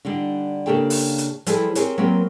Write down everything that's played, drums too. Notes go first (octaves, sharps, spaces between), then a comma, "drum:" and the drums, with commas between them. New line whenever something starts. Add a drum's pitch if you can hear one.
D3 G3 D4 D#4
C#3 A#3 D4 G4 A4 G5
drum: open hi-hat
drum: hi-hat
F3 G3 E4 G#4 A4 B4, drum: hi-hat
C4 G4 G#4 A#4 C#5, drum: hi-hat
F#3 A#3 C4 G4 A#4 B4